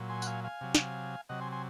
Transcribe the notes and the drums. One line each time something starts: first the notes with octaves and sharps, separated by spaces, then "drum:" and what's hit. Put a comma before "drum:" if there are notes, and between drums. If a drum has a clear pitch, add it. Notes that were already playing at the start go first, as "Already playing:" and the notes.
Already playing: A#2 F#3
G#5 C6
F#5, drum: tambourine
F5 G#5
F5 G#5
C3 F#3
drum: snare
C3 F#3 D#5 F#5
G#5 C6
G#5 C6